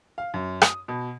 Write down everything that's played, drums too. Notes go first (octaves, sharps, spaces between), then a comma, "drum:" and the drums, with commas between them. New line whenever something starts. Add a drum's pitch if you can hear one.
F5
F#2
D#6, drum: rim click
B2